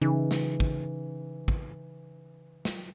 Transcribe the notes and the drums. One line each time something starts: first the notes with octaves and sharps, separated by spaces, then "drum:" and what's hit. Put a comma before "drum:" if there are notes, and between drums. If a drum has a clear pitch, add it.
C#3 E3 D#4
drum: snare
drum: kick
drum: kick
drum: snare